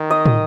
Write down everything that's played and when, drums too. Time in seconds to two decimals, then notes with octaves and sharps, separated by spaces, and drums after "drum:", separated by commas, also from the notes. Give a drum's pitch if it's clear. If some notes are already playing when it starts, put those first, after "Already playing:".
Already playing: D#3
0.11 D#5
0.26 drum: tom